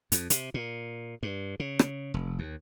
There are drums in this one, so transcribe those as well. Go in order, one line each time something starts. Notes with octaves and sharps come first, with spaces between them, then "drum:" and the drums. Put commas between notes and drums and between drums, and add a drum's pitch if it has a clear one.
F2, drum: hi-hat
C3, drum: hi-hat
A#2
G2
C#3
drum: rim click
F1
D#2